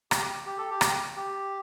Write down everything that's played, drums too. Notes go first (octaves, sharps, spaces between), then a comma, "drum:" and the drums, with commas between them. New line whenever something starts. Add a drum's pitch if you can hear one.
G4, drum: rim click
G4
A4
G4
drum: rim click
G4